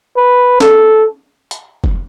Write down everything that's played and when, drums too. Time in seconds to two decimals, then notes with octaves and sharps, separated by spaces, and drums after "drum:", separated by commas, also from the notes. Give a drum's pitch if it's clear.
0.17 B4
0.60 A4, drum: snare
1.51 drum: hi-hat
1.84 drum: kick F1